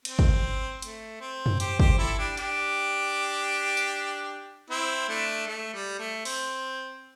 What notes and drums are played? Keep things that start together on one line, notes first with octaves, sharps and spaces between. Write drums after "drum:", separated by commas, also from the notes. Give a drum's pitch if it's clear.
C4, drum: cymbal
drum: kick
A3, drum: hi-hat
C4
drum: tom F#2
G4 C5, drum: hi-hat
G4 C5, drum: kick
E4 A4
D4 G4
D4 G4, drum: hi-hat
drum: tambourine
C4 E4
A3 D4
A3
G3
A3
C4, drum: open hi-hat